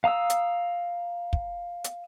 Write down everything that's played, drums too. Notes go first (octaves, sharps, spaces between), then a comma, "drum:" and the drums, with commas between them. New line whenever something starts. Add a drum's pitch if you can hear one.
F5 A#5 D#6 E6
drum: hi-hat
drum: kick
drum: hi-hat